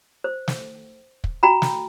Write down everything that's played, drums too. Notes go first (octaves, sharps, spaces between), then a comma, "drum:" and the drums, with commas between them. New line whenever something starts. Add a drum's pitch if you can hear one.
C5
drum: snare
drum: kick
F#4 G5 A#5 B5
drum: snare